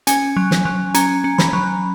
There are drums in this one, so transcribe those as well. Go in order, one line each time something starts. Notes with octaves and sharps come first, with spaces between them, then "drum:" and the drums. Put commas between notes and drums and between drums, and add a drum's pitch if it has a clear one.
C#4 G#5, drum: hi-hat
F#3
drum: snare
F#3
C#4 A#5, drum: hi-hat
C#4
B5, drum: snare
F#3